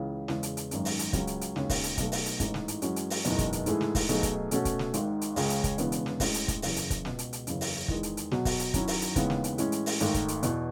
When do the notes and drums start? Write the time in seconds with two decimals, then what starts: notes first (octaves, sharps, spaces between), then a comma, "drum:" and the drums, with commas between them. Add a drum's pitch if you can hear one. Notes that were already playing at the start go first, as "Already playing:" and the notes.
Already playing: C#2 C#3 E3
0.28 E2 C#3 G#3, drum: snare
0.43 drum: hi-hat
0.57 drum: hi-hat
0.71 G#1 F#2 D#3 G#3 C#4, drum: hi-hat
0.85 drum: open hi-hat
0.99 drum: hi-hat
1.13 C#2 C#3 F#3 C#4, drum: kick, hi-hat
1.27 drum: hi-hat
1.41 drum: hi-hat
1.56 D#2 C#3 G#3 C#4 F#4, drum: snare
1.70 drum: kick, open hi-hat
1.84 drum: hi-hat
1.98 B1 B2 A3, drum: kick, hi-hat
2.12 drum: open hi-hat
2.26 drum: hi-hat
2.40 A1 G#2 E3 A3 D#4, drum: kick, hi-hat
2.54 drum: snare
2.68 drum: hi-hat
2.82 F#2 E3 G#3 C#4 F#4, drum: hi-hat
2.96 drum: hi-hat
3.10 drum: open hi-hat
3.25 F#1 E2 B2 G#3 D#4, drum: hi-hat
3.38 drum: kick, hi-hat
3.53 drum: hi-hat
3.66 G#2 E3 A3 E4 G#4, drum: hi-hat
3.81 drum: snare
3.95 drum: kick, open hi-hat
4.09 B1 B2 A3 D#4 G#4, drum: hi-hat
4.23 drum: kick, hi-hat
4.51 B2 A3 C#4 F#4 A4, drum: hi-hat
4.65 drum: kick, hi-hat
4.79 drum: snare
4.94 G#1 G#2 D#3, drum: hi-hat
5.21 drum: hi-hat
5.36 C#2 C#3 G#3 C#4 G#4, drum: open hi-hat
5.50 drum: hi-hat
5.64 drum: kick, hi-hat
5.78 E1 E2 C#3 G#3 B3, drum: hi-hat
5.92 drum: hi-hat
6.06 drum: snare
6.20 A2 G#3 C#4, drum: kick, open hi-hat
6.34 drum: hi-hat
6.48 drum: kick, hi-hat
6.62 F#1 E2 C#3, drum: open hi-hat
6.76 drum: hi-hat
6.90 drum: kick, hi-hat
7.05 C#2 B2 G#3, drum: snare
7.19 drum: hi-hat
7.33 drum: hi-hat
7.47 F#1 E2 C#3, drum: hi-hat
7.61 drum: open hi-hat
7.88 E2 D#3 G#3, drum: kick
8.03 drum: hi-hat
8.17 drum: hi-hat
8.31 B2 F#3 B3 F#4, drum: snare
8.45 drum: kick, open hi-hat
8.59 drum: hi-hat
8.74 F#2 D#3 F#3 C#4 E4, drum: kick, hi-hat
8.88 drum: open hi-hat
9.02 drum: hi-hat
9.16 D#2 C#3 E3 G#3 B3, drum: kick, hi-hat
9.30 drum: snare
9.44 drum: hi-hat
9.58 A2 E3 G#3 C#4, drum: hi-hat
9.72 drum: hi-hat
9.86 drum: open hi-hat
10.00 G#1 G#2 D#3 A3, drum: hi-hat
10.14 drum: kick, hi-hat
10.28 drum: hi-hat
10.43 E2 B2, drum: hi-hat